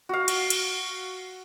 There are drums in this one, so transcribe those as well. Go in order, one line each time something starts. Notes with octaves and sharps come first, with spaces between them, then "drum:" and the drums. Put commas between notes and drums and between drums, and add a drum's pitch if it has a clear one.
F#4 F5
drum: cymbal
drum: cymbal